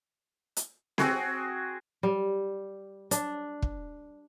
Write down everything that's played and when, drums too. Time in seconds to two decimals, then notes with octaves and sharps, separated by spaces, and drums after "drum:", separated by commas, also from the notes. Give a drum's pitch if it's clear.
0.57 drum: hi-hat
0.98 C4 F#4 G#4, drum: snare C4
2.03 G3
3.11 D4, drum: hi-hat
3.62 drum: kick